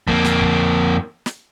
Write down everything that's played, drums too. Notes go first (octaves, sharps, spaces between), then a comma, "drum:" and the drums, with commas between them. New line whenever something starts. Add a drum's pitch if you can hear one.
F2 A#3, drum: kick
drum: snare
drum: kick
drum: snare